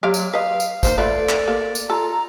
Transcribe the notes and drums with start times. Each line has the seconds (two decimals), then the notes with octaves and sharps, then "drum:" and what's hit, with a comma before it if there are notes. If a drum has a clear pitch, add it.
0.03 F#3 G4 D5 F5
0.14 drum: tambourine
0.33 B4 D#5 F5
0.60 drum: tambourine
0.83 F3 A#3 D#4 C5, drum: kick, tambourine
0.98 A3 F4 A4 B4 D5
1.29 drum: clap
1.48 A#3
1.75 drum: tambourine
1.90 F4 A4 A#5